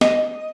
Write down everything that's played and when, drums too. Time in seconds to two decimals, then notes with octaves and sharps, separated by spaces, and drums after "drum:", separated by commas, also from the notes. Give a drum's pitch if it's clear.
0.01 D#5, drum: snare